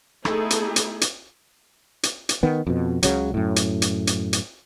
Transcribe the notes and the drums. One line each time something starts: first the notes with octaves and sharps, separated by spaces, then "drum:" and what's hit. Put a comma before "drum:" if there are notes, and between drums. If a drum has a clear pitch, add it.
A3 B3 D#4 E4 G#4 A4, drum: rim click
drum: hi-hat
drum: hi-hat
drum: hi-hat
drum: hi-hat
drum: hi-hat
D#3 B3
F2 B2
C#2 C#3 F#3, drum: hi-hat
F#2 A2
drum: hi-hat
drum: hi-hat
drum: hi-hat
drum: hi-hat